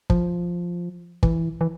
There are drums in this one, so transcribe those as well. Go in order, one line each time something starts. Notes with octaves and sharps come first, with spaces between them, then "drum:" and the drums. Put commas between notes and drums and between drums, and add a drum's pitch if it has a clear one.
F3, drum: kick
E3, drum: kick
E3